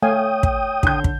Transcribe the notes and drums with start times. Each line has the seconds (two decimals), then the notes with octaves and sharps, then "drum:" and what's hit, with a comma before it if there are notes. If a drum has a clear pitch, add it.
0.02 A3 C#5 F5 G5 G#5 D#6
0.43 drum: kick
0.83 D3 G6, drum: kick
1.04 drum: kick